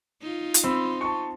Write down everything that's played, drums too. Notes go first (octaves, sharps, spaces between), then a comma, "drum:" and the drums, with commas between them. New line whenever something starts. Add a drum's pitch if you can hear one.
D#4 F4
drum: hi-hat
C4 B5 E6
A5 C#6